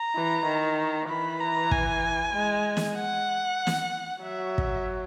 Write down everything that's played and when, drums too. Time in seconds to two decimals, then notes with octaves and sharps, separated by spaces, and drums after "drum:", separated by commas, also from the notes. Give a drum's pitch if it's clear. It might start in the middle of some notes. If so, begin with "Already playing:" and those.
Already playing: A#5
0.15 E3
0.46 D#3
1.09 E3 B5
1.40 A#5
1.71 G#5, drum: kick
2.34 G#3
2.77 drum: snare
2.96 F#5
3.67 drum: snare
4.23 F#3 E5
4.58 drum: kick